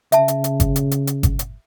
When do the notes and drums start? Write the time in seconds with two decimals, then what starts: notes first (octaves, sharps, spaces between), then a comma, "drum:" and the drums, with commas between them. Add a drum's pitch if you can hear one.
0.12 C#3 E5 A5, drum: hi-hat
0.28 drum: hi-hat
0.44 drum: hi-hat
0.60 drum: kick G1, hi-hat
0.76 drum: hi-hat
0.91 drum: hi-hat
1.07 drum: hi-hat
1.23 drum: kick G1, hi-hat
1.39 drum: hi-hat